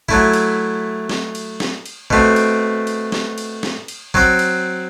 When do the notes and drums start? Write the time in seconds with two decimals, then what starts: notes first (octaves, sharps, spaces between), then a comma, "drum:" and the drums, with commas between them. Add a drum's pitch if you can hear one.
0.09 F#3 A3 E4, drum: kick
0.33 drum: cymbal
1.09 drum: snare
1.35 drum: cymbal
1.60 drum: snare
1.86 drum: cymbal
2.10 B2 A3 C4, drum: kick
2.36 drum: cymbal
2.87 drum: cymbal
3.12 drum: snare
3.38 drum: cymbal
3.63 drum: snare
3.88 drum: cymbal
4.14 F#3 C4 F#4, drum: kick
4.39 drum: cymbal